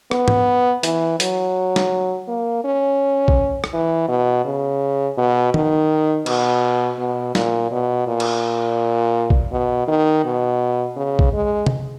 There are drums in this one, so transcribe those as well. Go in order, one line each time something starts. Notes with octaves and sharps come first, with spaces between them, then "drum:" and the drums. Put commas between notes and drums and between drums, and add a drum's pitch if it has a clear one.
B3, drum: rim click
drum: tom
E3, drum: hi-hat
F#3, drum: hi-hat
drum: snare
A#3
C#4
drum: kick A#1
drum: rim click
E3
B2
C#3
B2
D#3, drum: tom
B2, drum: cymbal
B2
A#2, drum: snare
B2
A#2
drum: cymbal
drum: kick A#1
B2
D#3
B2
C#3
drum: kick A#1
G#3
drum: tom